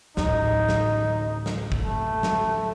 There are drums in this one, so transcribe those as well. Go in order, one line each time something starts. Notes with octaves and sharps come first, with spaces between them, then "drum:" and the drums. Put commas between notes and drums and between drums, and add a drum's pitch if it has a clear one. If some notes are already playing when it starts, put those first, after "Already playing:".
A1 D2 D#4, drum: snare
drum: snare
drum: snare
drum: kick
A3
drum: snare